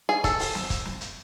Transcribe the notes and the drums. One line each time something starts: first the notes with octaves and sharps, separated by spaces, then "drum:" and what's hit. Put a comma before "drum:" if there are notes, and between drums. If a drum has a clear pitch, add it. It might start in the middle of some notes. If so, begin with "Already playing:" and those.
G#4
A4, drum: kick, hi-hat
drum: open hi-hat
drum: snare
drum: kick, hi-hat
drum: snare
drum: hi-hat